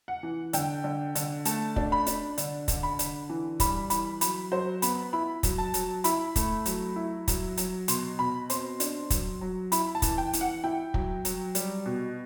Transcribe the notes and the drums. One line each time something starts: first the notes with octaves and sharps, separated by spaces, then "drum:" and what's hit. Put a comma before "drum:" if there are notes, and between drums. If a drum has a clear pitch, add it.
F#5
E3
D3 G5, drum: hi-hat
D3
D3, drum: hi-hat
A3 A5, drum: hi-hat
D4, drum: kick
B5
D4, drum: hi-hat
D3, drum: hi-hat
D3, drum: kick, hi-hat
B5
D3, drum: hi-hat
E3
G3 B5, drum: kick, hi-hat
E3 B5, drum: hi-hat
F#3 B5, drum: hi-hat
F#3 C5
B3 B5, drum: hi-hat
E4 B5
F#3, drum: kick, hi-hat
A5
F#3, drum: hi-hat
E4 B5, drum: hi-hat
A3, drum: kick, hi-hat
F#3, drum: hi-hat
E4
F#3, drum: kick, hi-hat
F#3, drum: hi-hat
B2 C6, drum: hi-hat
B2 B5
C4 C6, drum: hi-hat
D4, drum: hi-hat
F#3, drum: kick, hi-hat
F#3
E4 B5, drum: hi-hat
A5
E3, drum: kick, hi-hat
G5
E3, drum: hi-hat
F#5
E4 G5
F#3, drum: kick
F#3, drum: hi-hat
G3, drum: hi-hat
B2